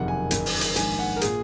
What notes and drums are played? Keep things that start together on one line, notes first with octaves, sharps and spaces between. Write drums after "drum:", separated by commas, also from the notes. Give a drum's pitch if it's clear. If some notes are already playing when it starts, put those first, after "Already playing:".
Already playing: F#1 F2 C3 D#3 F#5
G#5
F#1 F#2 D#3, drum: hi-hat
drum: open hi-hat
drum: hi-hat
A#1 G#2 D#3 G#5, drum: hi-hat
F#5
A#4
A#2 G#4, drum: hi-hat